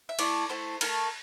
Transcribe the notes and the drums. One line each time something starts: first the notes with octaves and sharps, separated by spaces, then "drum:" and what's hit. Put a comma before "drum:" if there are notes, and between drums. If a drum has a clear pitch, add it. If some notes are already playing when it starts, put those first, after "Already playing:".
E5
A3 E4 A4 D5, drum: cymbal
A3 E4 A4 C5
A3 E4 A4 A#4, drum: cymbal